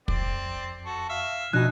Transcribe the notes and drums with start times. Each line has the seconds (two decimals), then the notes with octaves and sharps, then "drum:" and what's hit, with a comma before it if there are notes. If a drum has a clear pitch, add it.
0.08 F2 C4 D5, drum: kick
0.85 F#4 A4
1.09 E5 F5
1.53 B2 F3 D4 D#4 G#5 F#6